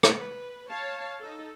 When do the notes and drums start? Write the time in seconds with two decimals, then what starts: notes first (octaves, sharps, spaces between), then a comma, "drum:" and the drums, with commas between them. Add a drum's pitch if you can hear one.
0.03 drum: rim click
0.17 B4
0.69 C#5 F5 A5
1.20 D#4 A4